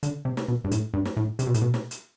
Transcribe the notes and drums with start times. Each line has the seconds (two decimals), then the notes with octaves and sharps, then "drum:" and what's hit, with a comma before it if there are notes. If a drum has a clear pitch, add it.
0.03 D3, drum: hi-hat
0.25 C3
0.37 drum: snare
0.48 B2
0.65 G2
0.71 A2, drum: hi-hat
0.94 G2
1.05 drum: snare
1.17 A2
1.39 C3, drum: hi-hat
1.47 B2
1.54 A2, drum: hi-hat
1.62 B2
1.74 drum: snare
1.91 drum: hi-hat